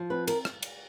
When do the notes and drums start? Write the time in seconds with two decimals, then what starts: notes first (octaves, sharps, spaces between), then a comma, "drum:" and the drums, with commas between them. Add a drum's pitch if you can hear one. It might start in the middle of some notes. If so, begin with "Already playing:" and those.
Already playing: F3
0.10 C4 B4
0.28 A#4, drum: cymbal
0.45 drum: rim click
0.63 drum: cymbal